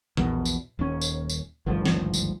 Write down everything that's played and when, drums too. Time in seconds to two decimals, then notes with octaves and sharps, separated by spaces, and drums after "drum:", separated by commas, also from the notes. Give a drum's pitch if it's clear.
0.17 A#1 E2 B2, drum: tom A#2
0.45 drum: tambourine
0.79 D#1 D#2 C#4
1.01 drum: tambourine
1.29 drum: tambourine
1.66 G#1 D2 G2 F3
1.86 drum: snare
2.14 drum: tambourine